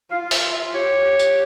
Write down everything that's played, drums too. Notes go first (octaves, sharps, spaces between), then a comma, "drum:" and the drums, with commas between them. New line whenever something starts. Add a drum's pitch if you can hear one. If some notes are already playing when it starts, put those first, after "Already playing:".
F4 F5
E5, drum: open hi-hat
E5
G4 C#5
G4
drum: tambourine